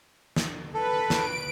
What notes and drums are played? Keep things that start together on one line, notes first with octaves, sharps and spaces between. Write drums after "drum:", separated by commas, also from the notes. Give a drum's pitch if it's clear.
drum: snare
A4 B4
D7, drum: snare